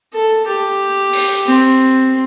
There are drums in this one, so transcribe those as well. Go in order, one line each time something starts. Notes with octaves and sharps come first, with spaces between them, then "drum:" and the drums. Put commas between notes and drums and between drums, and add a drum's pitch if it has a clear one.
A4
G4
drum: open hi-hat
C4